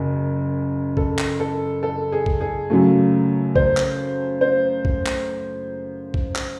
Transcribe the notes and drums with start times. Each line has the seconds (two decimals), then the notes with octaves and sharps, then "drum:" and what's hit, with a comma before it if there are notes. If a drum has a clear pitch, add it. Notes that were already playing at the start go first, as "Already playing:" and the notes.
Already playing: F#1 F#2
0.97 A4, drum: kick
1.19 drum: clap
1.40 A4
1.83 A4
2.12 G#4
2.26 drum: kick
2.41 G#4
2.70 F#2 C#3 F#3 A3
3.55 C5, drum: kick
3.77 drum: clap
4.41 C5
4.85 drum: kick
5.06 drum: clap
6.14 drum: kick
6.36 drum: clap